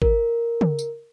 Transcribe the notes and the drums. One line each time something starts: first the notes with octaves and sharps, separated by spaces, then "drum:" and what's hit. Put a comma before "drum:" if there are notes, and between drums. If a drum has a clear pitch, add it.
A#4, drum: kick G#1
drum: tom
drum: tambourine